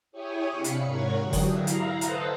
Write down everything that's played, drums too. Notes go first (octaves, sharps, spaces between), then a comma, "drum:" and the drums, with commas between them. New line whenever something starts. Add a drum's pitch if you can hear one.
E4 G4 G#4 C#5 G#5
C3 D4 F5 B5 C#7
drum: hi-hat
G#2 A#4 C#5 F#5 C#6
D3 E3 F#3 D4 G4 G#4
drum: kick F#1, open hi-hat
E4 F5 A#5
drum: hi-hat
A4 B4 C5 D#5 F#5 A5, drum: hi-hat